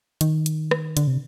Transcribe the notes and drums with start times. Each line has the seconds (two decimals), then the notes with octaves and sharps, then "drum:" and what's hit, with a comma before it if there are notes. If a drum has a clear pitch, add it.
0.21 D#3, drum: hi-hat
0.46 drum: hi-hat
0.71 drum: rim click
0.97 D3, drum: hi-hat
1.07 C3